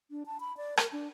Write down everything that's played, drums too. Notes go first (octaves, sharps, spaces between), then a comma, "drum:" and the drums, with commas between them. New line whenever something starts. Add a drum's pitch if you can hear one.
D4
A5
B5
D5
A#4, drum: rim click
D4